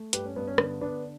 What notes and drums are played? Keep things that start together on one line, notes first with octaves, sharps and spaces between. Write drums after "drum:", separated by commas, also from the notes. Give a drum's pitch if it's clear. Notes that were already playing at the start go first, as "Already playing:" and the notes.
Already playing: A3
G2 G4 B4, drum: hi-hat
C#4
G2 B3
C#4
D3 B3, drum: rim click
D3 B3 D4